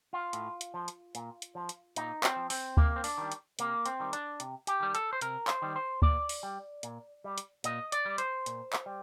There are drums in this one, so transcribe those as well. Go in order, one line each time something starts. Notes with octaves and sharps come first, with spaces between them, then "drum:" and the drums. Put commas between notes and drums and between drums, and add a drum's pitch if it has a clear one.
F4
A2, drum: hi-hat
drum: hi-hat
F3
drum: hi-hat
A#2, drum: hi-hat
drum: hi-hat
F3
drum: hi-hat
A#2 D#4, drum: hi-hat
C4, drum: clap
F3
C4, drum: open hi-hat
C3 A#3, drum: kick D2
C4
D4, drum: open hi-hat
D#3 G3
drum: hi-hat
C3 A#3, drum: hi-hat
C4, drum: hi-hat
D#3 G3
D4, drum: hi-hat
C3, drum: hi-hat
G4, drum: hi-hat
D#3 G3
A4, drum: hi-hat
C5
C3 A#4, drum: hi-hat
C5, drum: clap
D#3 G3
C5
A#2 D5, drum: kick D2
drum: open hi-hat
G3
A#2, drum: hi-hat
G3
drum: hi-hat
A#2 D#5, drum: hi-hat
D5, drum: hi-hat
G3
C5, drum: hi-hat
A#2, drum: hi-hat
drum: clap
G3